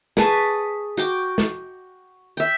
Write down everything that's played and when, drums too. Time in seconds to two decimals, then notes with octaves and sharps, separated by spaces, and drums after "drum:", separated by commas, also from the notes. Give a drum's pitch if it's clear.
0.17 G#4 B4 A5 C#6, drum: snare
0.97 F#4 G5 D6
1.38 drum: snare
2.37 E5 G5